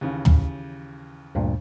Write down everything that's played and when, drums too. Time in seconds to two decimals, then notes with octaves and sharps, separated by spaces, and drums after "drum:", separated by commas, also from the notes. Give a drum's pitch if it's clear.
0.01 D#2 C#3 E3
0.25 drum: tom
1.35 D2 G2 A#2